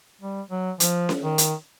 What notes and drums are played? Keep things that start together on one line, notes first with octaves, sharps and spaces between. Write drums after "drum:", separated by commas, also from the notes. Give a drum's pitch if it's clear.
G3
F#3
F3, drum: hi-hat
drum: snare C#4
D#3
drum: hi-hat